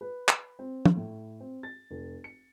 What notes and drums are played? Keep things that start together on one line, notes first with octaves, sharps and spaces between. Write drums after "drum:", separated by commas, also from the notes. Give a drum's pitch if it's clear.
B4
drum: clap
C4
drum: tom
A2
C4
A6
F1
C#7